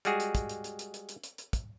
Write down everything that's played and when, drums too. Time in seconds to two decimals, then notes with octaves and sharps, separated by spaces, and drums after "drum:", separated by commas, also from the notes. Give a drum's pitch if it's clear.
0.05 G3 G#3 F#4 G#4, drum: hi-hat
0.20 drum: hi-hat
0.35 drum: kick, hi-hat
0.49 drum: hi-hat
0.64 drum: hi-hat
0.79 drum: hi-hat
0.94 drum: hi-hat
1.09 drum: hi-hat
1.24 drum: hi-hat
1.38 drum: hi-hat
1.53 drum: kick, hi-hat